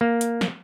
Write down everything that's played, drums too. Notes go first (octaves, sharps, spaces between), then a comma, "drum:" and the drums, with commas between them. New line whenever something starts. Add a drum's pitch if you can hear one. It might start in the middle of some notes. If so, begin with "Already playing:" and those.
A#3
drum: hi-hat
drum: snare